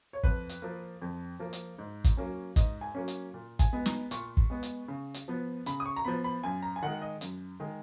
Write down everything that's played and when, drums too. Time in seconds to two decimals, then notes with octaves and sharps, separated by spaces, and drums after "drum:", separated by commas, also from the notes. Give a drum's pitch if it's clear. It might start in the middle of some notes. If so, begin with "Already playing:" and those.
0.13 C#5
0.23 F2 B4, drum: kick
0.49 drum: hi-hat
0.62 F3 A#3
1.02 F2
1.39 F3 A#3
1.53 drum: hi-hat
1.78 G#2
2.04 drum: kick, hi-hat
2.17 F#3 A#3 C#4
2.56 G#2 D#5, drum: kick, hi-hat
2.81 G#5
2.95 F#3 A#3 C#4
3.08 drum: hi-hat
3.34 A#2
3.59 G#5, drum: kick, hi-hat
3.73 G#3 B3
3.86 A#5, drum: snare
4.11 A#2 C#6, drum: hi-hat
4.37 drum: kick
4.50 G#3 B3
4.63 drum: hi-hat
4.88 C#3
5.14 drum: hi-hat
5.28 F3 B3
5.66 C#3 B5, drum: hi-hat
5.80 D#6
5.86 C#6
5.96 A#5
6.05 F3 B3 B5
6.24 B5
6.43 F#2 G#5
6.62 A#5
6.76 G#5
6.82 D#3 G#3 F#5
7.02 D#5
7.21 F#2, drum: hi-hat
7.60 D#3 G#3